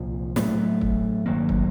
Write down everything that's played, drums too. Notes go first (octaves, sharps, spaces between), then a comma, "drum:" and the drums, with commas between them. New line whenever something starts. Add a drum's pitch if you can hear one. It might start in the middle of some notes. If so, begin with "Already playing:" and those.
Already playing: C2 A#2 F3
A2 F#3 A3, drum: snare
drum: kick
G2 D#3 F#3 A#3
drum: kick